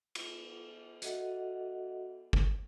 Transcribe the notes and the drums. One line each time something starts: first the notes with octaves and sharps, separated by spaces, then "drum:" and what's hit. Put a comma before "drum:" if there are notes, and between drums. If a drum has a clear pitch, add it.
drum: cymbal
F#4 A4 D#5 E5 F#5, drum: hi-hat
drum: kick G1